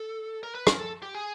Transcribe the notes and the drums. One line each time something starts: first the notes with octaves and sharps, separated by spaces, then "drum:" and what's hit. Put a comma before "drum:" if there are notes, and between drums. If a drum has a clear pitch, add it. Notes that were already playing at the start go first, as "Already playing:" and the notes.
Already playing: A4
A#4
B4
A#4, drum: rim click
A4
G4
G#4